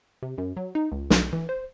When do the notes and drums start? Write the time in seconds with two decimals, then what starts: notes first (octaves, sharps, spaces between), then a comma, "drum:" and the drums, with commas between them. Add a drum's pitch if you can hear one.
0.23 C3
0.38 F#2
0.57 F#3
0.75 D#4
0.92 C#2
1.10 B1, drum: snare
1.33 E3
1.49 C5